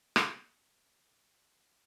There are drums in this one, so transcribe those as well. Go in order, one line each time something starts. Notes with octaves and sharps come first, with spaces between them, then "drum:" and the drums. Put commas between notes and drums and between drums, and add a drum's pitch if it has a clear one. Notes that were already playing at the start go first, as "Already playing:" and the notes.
drum: rim click
B6
A5
D5
D#6
F5
G6
D5
A#5
F5